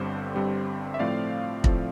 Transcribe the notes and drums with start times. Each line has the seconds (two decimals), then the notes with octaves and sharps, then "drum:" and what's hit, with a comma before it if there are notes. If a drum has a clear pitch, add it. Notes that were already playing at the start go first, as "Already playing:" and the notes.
Already playing: G1 G2 D3 G3 C4 C5
0.34 G1 G2 D3 G3 C4
0.94 E5
0.99 A2 F3 A3 C4 D5 F5
1.64 A2 F3 A3 C4, drum: kick